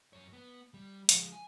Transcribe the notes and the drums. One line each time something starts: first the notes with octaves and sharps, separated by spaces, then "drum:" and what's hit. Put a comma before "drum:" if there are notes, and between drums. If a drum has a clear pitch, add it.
F#2 C#5
B3
G3
F3 G#3, drum: hi-hat
G#5